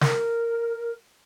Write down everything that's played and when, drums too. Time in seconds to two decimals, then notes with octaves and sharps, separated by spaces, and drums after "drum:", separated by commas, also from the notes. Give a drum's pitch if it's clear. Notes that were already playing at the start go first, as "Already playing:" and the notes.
0.01 A#4, drum: snare